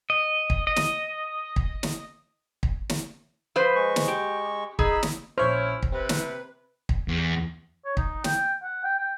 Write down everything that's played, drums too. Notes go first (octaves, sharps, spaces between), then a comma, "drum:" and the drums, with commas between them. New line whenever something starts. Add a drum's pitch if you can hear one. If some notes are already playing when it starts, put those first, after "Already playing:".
D#5
drum: kick
D#5
drum: snare
drum: kick
drum: snare
drum: kick
drum: snare
F3 B4 C5
G#3 C#6
drum: snare
G4
D#4 G#4 B5 E6, drum: kick
drum: snare
A#1 C#4 E4 C5 C#5 F6
drum: kick
C3 C4 B4
drum: snare
drum: kick
E2
C#5
D#4, drum: kick
G5, drum: snare
F#5
G5
G5